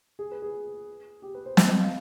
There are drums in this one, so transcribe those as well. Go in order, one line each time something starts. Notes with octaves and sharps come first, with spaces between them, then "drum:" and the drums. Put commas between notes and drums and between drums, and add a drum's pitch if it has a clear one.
G#4
B4
G#4
G4
B4
C5
C5, drum: snare
D#5
F5